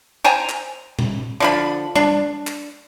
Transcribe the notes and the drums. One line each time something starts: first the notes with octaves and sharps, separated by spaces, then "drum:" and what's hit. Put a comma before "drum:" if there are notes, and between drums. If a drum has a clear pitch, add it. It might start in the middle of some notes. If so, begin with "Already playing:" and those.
C5 G5 G#5 A#5
drum: clap
drum: tom A#2
D3 F3 B5
D4, drum: tom G3
drum: clap